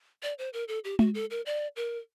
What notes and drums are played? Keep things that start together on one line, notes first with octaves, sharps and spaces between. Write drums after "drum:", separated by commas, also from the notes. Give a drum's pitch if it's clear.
D5
C5
A#4
A4
G4
F#4, drum: tom G#3
A4
A#4
D5
A#4